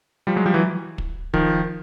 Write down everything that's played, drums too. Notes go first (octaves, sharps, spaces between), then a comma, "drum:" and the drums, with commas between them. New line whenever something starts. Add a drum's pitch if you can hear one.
F3 G3
F#3 G#3
F3 G3
E3 F#3
drum: kick
D#3 F3, drum: kick